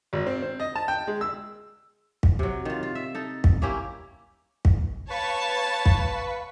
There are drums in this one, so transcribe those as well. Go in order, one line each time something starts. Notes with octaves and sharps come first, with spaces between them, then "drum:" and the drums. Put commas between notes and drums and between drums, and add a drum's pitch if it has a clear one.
G#1
C4
C4
D#5
A5
G5
G#3
E6
drum: kick
C3 F#3
D#3 F4
F4
E5
D#4 A4
drum: kick
A#3 C#4 E4 G4
drum: kick
B4 C#5 F5 A5 B5 C#6 B6
drum: kick